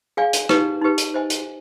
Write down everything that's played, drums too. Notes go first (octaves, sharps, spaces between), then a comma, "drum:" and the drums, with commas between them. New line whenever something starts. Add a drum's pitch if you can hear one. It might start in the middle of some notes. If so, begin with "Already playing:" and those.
G#4 D5 F5 G#5
drum: hi-hat
D#4 G4 B4, drum: rim click
D#4 G4 B4
drum: hi-hat
C5 D#5 G#5
drum: hi-hat